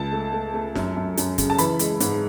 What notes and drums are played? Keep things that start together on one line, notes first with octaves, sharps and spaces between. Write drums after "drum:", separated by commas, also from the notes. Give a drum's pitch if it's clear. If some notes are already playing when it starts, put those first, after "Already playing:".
Already playing: C#2 A5
A3
A3
A3
F#2, drum: snare
F#2
F#2, drum: hi-hat
C#3, drum: kick, hi-hat
A5
E3 B5, drum: hi-hat
G#3, drum: hi-hat
G#2, drum: hi-hat